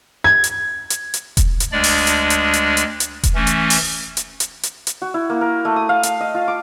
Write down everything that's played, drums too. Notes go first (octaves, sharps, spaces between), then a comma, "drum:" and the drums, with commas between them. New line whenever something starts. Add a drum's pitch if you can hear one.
G#6
drum: hi-hat
drum: hi-hat
drum: hi-hat
drum: kick E1, hi-hat
drum: hi-hat
D2 G#3 D4 D5
drum: open hi-hat
drum: hi-hat
drum: hi-hat
drum: hi-hat
drum: hi-hat
drum: hi-hat
drum: kick E1, hi-hat
E3 A3 C#4
drum: hi-hat
drum: open hi-hat
drum: hi-hat
drum: hi-hat
drum: hi-hat
drum: hi-hat
F#4
E4
A#3
A#4
A3
D#6
F5
F5, drum: hi-hat
D#5
F4
D6